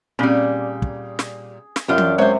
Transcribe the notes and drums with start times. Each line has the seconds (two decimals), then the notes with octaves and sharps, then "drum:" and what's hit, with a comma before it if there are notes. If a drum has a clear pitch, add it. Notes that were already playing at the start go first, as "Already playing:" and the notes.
0.19 A#2 G3 C4 C#4 G#4
0.82 drum: kick
1.19 drum: snare
1.76 drum: snare
1.88 F#2 D4 F4 G4
1.98 drum: tom
2.18 C3 G#3 C5 C#5